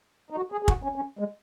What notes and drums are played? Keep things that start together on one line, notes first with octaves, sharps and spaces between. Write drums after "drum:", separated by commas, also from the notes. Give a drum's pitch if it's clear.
D#4
F#4
G#4
G#4
F#4, drum: kick
C#4
C#4
G#3